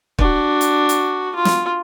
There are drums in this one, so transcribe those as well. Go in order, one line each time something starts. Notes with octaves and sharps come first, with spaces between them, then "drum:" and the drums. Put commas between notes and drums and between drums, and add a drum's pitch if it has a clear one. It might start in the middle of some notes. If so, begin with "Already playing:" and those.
D4 F#4, drum: kick
drum: hi-hat
drum: hi-hat
F4
drum: snare